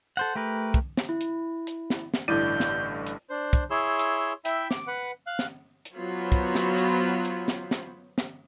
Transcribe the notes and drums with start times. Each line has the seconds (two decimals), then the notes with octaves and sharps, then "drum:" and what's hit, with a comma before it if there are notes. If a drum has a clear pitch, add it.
0.17 A4 C5 F#5
0.35 A3 G4 A#4 B4
0.74 drum: kick, hi-hat
0.97 drum: snare
1.09 E4
1.21 drum: hi-hat
1.67 drum: hi-hat
1.90 drum: snare
2.14 drum: snare
2.28 A1 G2 D3 E4 D5 G6
2.60 drum: snare
3.07 drum: hi-hat
3.30 D4 C5
3.53 drum: kick, hi-hat
3.71 E4 G#4 C#5 C6 E6
3.99 drum: hi-hat
4.45 E4 E5 G5, drum: hi-hat
4.71 D6, drum: snare
4.87 B4 F#5
5.27 F5 F#6
5.39 drum: snare
5.85 drum: hi-hat
5.96 F#3 B3 F4 C5 C#5 B5
6.32 drum: kick, hi-hat
6.55 drum: snare
6.78 drum: hi-hat
7.25 drum: hi-hat
7.48 drum: snare
7.71 drum: snare
8.18 drum: snare